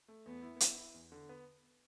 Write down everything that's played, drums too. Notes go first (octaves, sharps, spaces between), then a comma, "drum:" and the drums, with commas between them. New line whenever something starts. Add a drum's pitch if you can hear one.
A3
E2 B3
E4
E4, drum: hi-hat
E4
E2
D3
B3